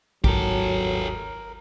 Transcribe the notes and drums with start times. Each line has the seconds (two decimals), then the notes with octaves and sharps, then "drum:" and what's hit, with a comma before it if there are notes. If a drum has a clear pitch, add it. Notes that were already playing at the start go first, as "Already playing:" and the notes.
0.24 G#1 D#2 F#3 G4 A4 A#4, drum: kick B1